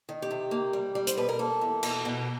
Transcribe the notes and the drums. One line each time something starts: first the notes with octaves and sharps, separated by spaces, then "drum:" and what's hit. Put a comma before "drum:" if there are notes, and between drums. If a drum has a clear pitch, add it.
D#3
G4
C3
A#3
G3
G3
C5, drum: hi-hat
B2 B4
A#4
A#3 A4
E2
B2, drum: cymbal
B2